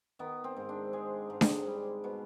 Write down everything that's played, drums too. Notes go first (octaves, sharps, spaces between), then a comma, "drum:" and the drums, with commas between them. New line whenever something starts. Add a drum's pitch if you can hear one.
D#3 B3
C4
G#2
D4
G#3 G#4
G#2
drum: snare D4
G3
B2